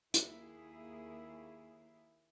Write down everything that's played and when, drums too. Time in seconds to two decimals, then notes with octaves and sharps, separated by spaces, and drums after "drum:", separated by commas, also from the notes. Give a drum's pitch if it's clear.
0.14 D#2 A#3 E4 G#4, drum: hi-hat